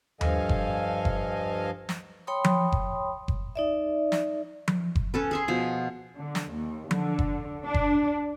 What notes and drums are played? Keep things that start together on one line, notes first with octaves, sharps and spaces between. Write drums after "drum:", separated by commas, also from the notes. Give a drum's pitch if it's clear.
G2 F3 A4 D#5 F5 G#5, drum: tom D#2
drum: kick F#1
drum: kick F#1
drum: snare
C#5 G5 B5 C6 D#6
drum: tom F3
drum: kick F#1
drum: kick F#1
D#4 D5 E5
drum: snare
drum: tom F3
drum: kick F#1
C#4 A4 B4
G#4 E5 C6
B2 F3
D3
drum: snare
D#2
D3, drum: tom F3
drum: kick F#1
D4
drum: kick F#1